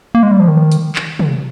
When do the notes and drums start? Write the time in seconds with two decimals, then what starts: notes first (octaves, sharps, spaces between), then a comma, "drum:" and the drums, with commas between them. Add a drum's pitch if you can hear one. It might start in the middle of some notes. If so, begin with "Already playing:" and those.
0.15 A#3
0.23 G#3
0.31 G3
0.40 F3
0.48 D#3
0.72 drum: hi-hat
0.95 drum: clap
1.19 drum: tom